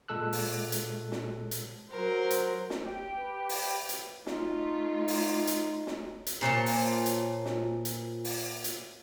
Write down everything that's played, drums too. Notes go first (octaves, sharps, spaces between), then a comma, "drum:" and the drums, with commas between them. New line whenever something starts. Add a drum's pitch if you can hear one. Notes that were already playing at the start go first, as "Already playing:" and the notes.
A#2 G#3 A4 E6 F#6
drum: open hi-hat
drum: hi-hat
drum: snare
drum: hi-hat
F#3 A#4 C5
drum: hi-hat
drum: snare
G4
B4
drum: open hi-hat
drum: hi-hat
A3 D#4 F4, drum: snare
drum: open hi-hat
drum: hi-hat
drum: snare
drum: hi-hat
A#2 C5 C#5 A5
drum: open hi-hat
drum: hi-hat
drum: snare
drum: hi-hat
drum: open hi-hat
drum: hi-hat